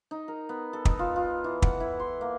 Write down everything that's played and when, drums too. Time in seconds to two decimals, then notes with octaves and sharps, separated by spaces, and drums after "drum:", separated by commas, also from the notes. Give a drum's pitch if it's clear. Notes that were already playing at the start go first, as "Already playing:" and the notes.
0.11 D#4
0.28 A#4
0.49 B3
0.73 A4
0.85 D#4, drum: kick
0.99 F4
1.16 F4
1.44 E3
1.62 F#5, drum: kick
1.80 E4
2.00 C6
2.21 A#3